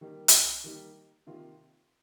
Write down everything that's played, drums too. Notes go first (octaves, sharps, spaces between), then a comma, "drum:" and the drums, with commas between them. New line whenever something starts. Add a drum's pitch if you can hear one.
D#3 G3 A#3 D#4
drum: hi-hat
D#3 G3 A#3 D#4
C3 D#3 A#3 F4